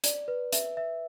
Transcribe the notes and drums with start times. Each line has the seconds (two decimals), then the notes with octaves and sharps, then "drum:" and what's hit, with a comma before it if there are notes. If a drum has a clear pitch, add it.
0.04 D5, drum: hi-hat
0.28 B4
0.53 E5, drum: hi-hat
0.77 E5